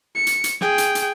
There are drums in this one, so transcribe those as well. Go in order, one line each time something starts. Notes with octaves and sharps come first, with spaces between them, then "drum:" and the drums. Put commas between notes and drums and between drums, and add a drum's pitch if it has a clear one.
C#7
drum: hi-hat
drum: hi-hat
G#4 G5, drum: snare
drum: hi-hat
drum: hi-hat